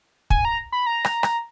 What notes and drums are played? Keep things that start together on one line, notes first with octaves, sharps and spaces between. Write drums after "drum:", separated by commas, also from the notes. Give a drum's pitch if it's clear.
G#5, drum: kick
A#5
B5
A#5
drum: rim click
drum: rim click